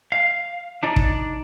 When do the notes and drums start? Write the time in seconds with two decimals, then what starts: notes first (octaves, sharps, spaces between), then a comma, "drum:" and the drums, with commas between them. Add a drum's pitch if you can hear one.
0.12 F5
0.83 D4 D#4 D5
0.96 drum: kick